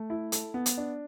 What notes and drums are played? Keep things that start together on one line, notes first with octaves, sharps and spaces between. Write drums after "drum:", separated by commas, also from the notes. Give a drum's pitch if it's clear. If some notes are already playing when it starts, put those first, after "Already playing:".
Already playing: A3
E4
A4, drum: hi-hat
B3
drum: hi-hat
D4